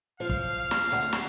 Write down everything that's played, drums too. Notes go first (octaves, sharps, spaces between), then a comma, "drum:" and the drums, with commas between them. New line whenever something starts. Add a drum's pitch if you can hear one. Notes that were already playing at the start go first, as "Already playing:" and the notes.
F3 F5
drum: kick
F5
drum: snare
D2 F#5
drum: snare